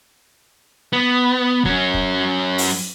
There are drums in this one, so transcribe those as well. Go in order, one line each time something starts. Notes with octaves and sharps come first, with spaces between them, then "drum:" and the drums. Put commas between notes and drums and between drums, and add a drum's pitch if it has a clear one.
B3
F#3 C#4, drum: kick
drum: kick
drum: open hi-hat